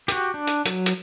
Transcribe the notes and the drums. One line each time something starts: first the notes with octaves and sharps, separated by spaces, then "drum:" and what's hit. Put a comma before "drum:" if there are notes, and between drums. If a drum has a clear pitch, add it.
F#4 G4, drum: hi-hat
D4
drum: hi-hat
F#3, drum: hi-hat
drum: hi-hat